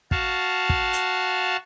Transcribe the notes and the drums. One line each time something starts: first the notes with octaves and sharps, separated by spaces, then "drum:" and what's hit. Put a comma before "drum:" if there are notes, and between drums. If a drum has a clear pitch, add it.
F#4 F5 A5, drum: kick
drum: kick
drum: hi-hat